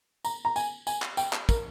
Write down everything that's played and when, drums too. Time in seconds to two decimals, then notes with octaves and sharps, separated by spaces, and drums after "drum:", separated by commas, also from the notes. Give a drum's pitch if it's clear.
0.25 A#5, drum: tambourine
0.45 A#5
0.56 G#5, drum: tambourine
0.87 G#5, drum: tambourine
1.02 drum: clap
1.17 G5, drum: tambourine
1.33 drum: clap
1.49 A#4, drum: kick, tambourine